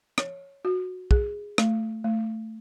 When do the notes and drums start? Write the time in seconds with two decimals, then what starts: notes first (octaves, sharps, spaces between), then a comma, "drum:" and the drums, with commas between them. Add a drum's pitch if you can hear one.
0.18 C#5, drum: rim click
0.65 F#4
1.11 G#4, drum: kick
1.58 A3, drum: rim click
2.04 A3